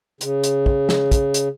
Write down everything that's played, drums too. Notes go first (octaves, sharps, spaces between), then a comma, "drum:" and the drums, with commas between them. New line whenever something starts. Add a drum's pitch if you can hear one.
C#3, drum: hi-hat
drum: hi-hat
drum: kick
drum: snare
drum: kick, hi-hat
drum: hi-hat